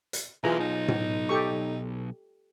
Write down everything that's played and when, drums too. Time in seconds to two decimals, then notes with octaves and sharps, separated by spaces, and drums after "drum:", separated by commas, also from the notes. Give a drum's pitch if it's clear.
0.13 drum: hi-hat
0.44 B1 E3 F4 G#4 A#5
0.60 D#4
0.88 drum: tom A2
1.29 G4 A4 C#6